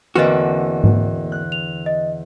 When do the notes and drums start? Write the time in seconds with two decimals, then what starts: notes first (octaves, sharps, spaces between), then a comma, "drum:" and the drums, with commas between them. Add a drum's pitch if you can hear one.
0.16 E2 D3 A#3 C4 F#4 B4 D#5
0.84 drum: tom G#2
1.32 F#6
1.52 F7
1.86 D#5